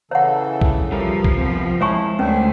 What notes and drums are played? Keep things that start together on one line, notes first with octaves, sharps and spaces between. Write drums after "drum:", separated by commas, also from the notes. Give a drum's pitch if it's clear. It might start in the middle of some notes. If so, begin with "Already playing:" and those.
C#3 E3 A4 C#5 F#5
drum: kick A#1
F3 G3 A#4
drum: kick A#1
C3 B3
G#3 E4 C#5 G#5 A5 C#6
D2 C#4 A4 C5 C#5 G#5